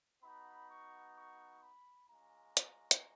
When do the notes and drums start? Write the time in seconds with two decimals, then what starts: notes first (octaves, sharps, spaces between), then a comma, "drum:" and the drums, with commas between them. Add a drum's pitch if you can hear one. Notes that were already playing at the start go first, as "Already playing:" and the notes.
0.22 B3 D#4 F#4 B5
0.68 C#6
1.16 C#6
1.62 B5
2.09 G#3 C#4 F4 A#5
2.57 drum: hi-hat
2.91 drum: hi-hat